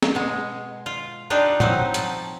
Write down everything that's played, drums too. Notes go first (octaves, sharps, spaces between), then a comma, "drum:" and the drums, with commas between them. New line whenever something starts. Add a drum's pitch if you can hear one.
drum: snare
B2 G#3
F4
G3 D4 D#4 F4
F#3 C4 D#4 E4, drum: tom
F3 A5, drum: hi-hat